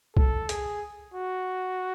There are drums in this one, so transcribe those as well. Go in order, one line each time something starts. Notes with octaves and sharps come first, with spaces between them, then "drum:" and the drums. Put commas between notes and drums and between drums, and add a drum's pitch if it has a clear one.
A4, drum: kick C2
G#4, drum: hi-hat
F#4